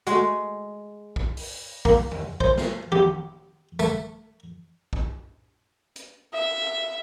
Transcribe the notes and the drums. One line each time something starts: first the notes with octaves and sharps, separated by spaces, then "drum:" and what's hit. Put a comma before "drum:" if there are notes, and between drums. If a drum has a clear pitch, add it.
G#3 A3 F#4, drum: hi-hat
drum: kick
drum: open hi-hat
A#3, drum: kick
drum: tom E2
C5, drum: kick
drum: snare
G4, drum: tom D#3
A3, drum: tambourine
drum: kick
drum: hi-hat
E5